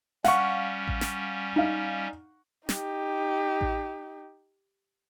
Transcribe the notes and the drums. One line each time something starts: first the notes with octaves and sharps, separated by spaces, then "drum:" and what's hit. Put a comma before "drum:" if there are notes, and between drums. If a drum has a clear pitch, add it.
G3 C#4 F5 F#5 C#6, drum: snare
drum: kick A1
drum: snare
D#4 F5
D#4 G4, drum: snare
drum: kick A1